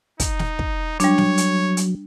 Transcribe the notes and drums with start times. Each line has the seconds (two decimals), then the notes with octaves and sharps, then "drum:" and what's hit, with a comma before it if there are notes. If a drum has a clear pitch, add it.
0.20 D#4, drum: kick, hi-hat
0.39 drum: snare
0.59 drum: kick
1.00 F#3 G3 D4 C#5, drum: hi-hat
1.18 drum: snare
1.38 drum: hi-hat
1.77 drum: hi-hat